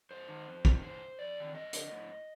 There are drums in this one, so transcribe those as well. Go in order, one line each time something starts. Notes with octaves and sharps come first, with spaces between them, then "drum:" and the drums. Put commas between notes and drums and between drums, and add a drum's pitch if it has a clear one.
G2 C5
D#3
F2
C3 D#3, drum: kick
A2 C5
F2 D5
C3 D#3
G2 D#5
D3, drum: hi-hat
A2